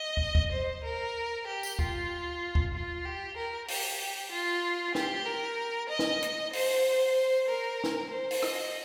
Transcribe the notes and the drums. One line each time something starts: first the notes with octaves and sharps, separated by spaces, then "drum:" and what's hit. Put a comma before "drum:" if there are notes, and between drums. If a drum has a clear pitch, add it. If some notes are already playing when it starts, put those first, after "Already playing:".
Already playing: D#5
drum: kick
drum: kick
C5
A#4
G4
drum: tambourine
F4, drum: kick
drum: kick
F4
G4
A#4
G4, drum: open hi-hat
F4
G4, drum: snare
A#4
D#5
drum: snare
drum: hi-hat
C5, drum: open hi-hat
A#4
drum: snare
C5
drum: open hi-hat
D#5, drum: rim click